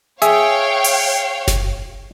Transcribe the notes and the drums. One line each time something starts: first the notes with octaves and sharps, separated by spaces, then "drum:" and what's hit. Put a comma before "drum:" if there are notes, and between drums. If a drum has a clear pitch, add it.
G#4 C#5 E5 F5 G5, drum: hi-hat
drum: open hi-hat
drum: snare F#1